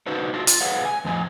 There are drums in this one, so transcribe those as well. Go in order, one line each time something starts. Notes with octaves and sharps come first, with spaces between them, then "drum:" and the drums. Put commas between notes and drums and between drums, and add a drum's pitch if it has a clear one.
D4 D#4 F#4 B4 C5
D4 F4 F#4
F4, drum: hi-hat
G#4 B4 C#5 F5 F#5
G#5
F2 A2 F3 D#5 G#5